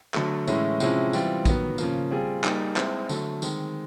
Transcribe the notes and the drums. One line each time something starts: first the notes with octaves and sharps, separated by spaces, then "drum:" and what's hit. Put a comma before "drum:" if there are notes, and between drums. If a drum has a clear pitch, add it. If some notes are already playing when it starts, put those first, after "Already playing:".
D3 F#3 A3, drum: clap
A2 E3 G#3 C#4 E4, drum: tambourine
C3 F3 G#3 C#4 E4, drum: tambourine
E3 G3 C4 F4, drum: tambourine
D#3 F#3 B3, drum: kick A#1, tambourine
C#3 F3 A#3, drum: tambourine
G3 C4 F4 G#4
G3 A#3 D#4 G#4, drum: clap
G#3 C4 E4 G#4, drum: clap
D3 F#3 A3, drum: tambourine
D#3 G#3 C4, drum: tambourine